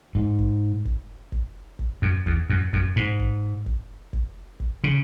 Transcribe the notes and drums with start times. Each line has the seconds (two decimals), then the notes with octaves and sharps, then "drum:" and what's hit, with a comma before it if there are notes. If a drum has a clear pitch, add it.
0.15 G#2
0.39 drum: kick
0.85 drum: kick
1.32 drum: kick
1.79 drum: kick
2.02 F#2
2.26 E2, drum: kick
2.50 F#2
2.73 F#2, drum: kick
2.96 G#2
3.19 drum: kick
3.66 drum: kick
4.13 drum: kick
4.60 drum: kick
4.84 C#3